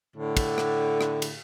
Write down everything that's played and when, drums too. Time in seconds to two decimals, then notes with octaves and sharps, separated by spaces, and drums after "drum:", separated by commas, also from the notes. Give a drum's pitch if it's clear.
0.15 A2 D3
0.37 drum: kick, cymbal
0.58 drum: rim click
1.01 drum: rim click
1.22 drum: cymbal